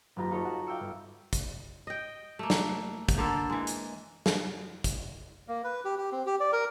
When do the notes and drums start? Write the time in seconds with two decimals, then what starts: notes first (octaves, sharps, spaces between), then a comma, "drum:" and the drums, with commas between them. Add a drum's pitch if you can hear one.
0.16 F#1 F#3 F4 G4 A#5
0.31 D#4 F4 A4 C#5
0.45 F#4
0.67 E5 F5 G5 D6 E6 C#7
0.80 G1
1.33 drum: kick, hi-hat
1.87 D#5 G5
2.39 A3 A#3
2.50 drum: snare
3.09 drum: kick, hi-hat
3.18 D3 A#3 A4
3.50 E3 G#3
3.67 drum: hi-hat
4.26 drum: snare
4.84 drum: kick, hi-hat
5.48 A#3
5.64 B4
5.85 G4
5.98 G4
6.12 C4
6.26 G4
6.40 D5
6.53 A#4